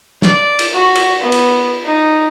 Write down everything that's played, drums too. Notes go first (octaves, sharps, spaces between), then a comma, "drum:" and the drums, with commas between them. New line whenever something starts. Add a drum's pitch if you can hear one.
D5, drum: snare
drum: cymbal
F#4
drum: cymbal
B3
drum: cymbal
D#4